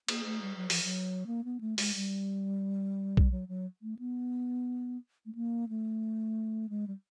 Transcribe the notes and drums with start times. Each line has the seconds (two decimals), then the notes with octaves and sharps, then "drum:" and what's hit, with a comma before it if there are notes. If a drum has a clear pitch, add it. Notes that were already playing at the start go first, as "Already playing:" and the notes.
0.08 A#3, drum: cymbal
0.25 A3
0.42 G3
0.56 F#3
0.70 F3, drum: open hi-hat
0.83 F#3
1.26 A#3
1.44 B3
1.60 A3
1.78 G#3, drum: open hi-hat
1.95 G3
3.17 drum: kick B1
3.31 F#3
3.48 F#3
3.82 A3
3.99 B3
5.26 A3
5.35 A#3
5.69 A3
6.69 G#3
6.87 G3